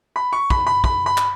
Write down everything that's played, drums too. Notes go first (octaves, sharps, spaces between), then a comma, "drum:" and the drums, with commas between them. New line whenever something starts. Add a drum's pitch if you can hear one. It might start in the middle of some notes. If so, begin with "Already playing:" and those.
B5
C#6
B5, drum: kick
B5
B5, drum: kick
B5
drum: clap